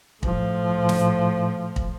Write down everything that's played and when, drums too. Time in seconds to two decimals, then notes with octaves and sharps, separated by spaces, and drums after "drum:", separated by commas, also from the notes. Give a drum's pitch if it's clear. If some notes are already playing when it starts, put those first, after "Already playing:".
0.23 A2 F3, drum: kick
0.89 drum: snare
1.76 drum: kick